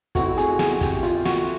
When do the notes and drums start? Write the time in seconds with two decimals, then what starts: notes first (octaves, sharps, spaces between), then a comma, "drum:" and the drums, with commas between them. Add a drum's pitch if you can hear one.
0.15 A3 C4 E4 F#4, drum: kick, hi-hat
0.38 G#4, drum: hi-hat
0.59 G#4, drum: snare
0.81 G4, drum: kick, hi-hat
1.03 F4, drum: hi-hat
1.25 F#4, drum: snare